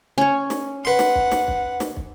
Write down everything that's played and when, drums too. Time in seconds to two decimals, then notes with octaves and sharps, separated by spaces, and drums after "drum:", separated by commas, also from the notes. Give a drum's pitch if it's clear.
0.18 C#4 C#5
0.50 drum: snare
0.85 B4 F#5 C6
0.99 drum: snare
1.15 drum: kick
1.31 drum: snare
1.48 drum: kick
1.80 drum: snare
1.97 drum: kick